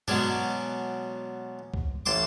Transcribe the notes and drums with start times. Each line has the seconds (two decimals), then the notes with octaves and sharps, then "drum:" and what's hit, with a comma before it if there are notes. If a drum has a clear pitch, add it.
0.08 B2 F#3 G#3 C#4 D4, drum: tom G2
1.74 drum: kick
2.06 A1 A5 C6 D6